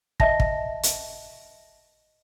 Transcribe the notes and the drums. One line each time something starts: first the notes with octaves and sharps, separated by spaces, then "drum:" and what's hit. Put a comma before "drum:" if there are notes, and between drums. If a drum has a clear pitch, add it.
D#5 E5 A5 A#6, drum: kick
drum: kick
drum: hi-hat